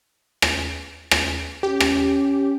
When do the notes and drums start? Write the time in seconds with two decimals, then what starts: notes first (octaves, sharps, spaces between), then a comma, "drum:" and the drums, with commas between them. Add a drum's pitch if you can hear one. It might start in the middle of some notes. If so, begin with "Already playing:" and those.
0.42 drum: rim click
1.11 drum: rim click
1.63 C#4 G4
1.80 drum: rim click